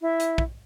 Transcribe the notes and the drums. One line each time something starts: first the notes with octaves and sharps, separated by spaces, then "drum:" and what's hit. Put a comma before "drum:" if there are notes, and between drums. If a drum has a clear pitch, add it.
E4
drum: hi-hat
drum: kick